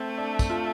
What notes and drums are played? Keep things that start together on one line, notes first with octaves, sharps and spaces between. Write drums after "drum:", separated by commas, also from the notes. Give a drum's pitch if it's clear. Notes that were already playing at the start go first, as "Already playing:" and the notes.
Already playing: A3 C4
D4
drum: kick, tambourine
F4